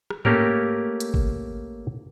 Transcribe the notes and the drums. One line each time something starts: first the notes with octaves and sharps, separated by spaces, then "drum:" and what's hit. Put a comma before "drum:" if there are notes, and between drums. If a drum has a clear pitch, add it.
drum: rim click
A3 A#3 C#4 G4 A#4, drum: tom G#2
drum: hi-hat
drum: kick G#1